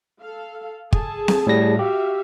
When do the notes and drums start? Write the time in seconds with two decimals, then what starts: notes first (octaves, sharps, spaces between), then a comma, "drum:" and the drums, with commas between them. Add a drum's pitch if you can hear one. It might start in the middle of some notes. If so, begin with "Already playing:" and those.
0.20 A4 F5
0.93 G#4 A4 A5, drum: kick
1.28 drum: snare C4
1.47 A2 G3 A#6
1.79 F#4 G4 E5 F5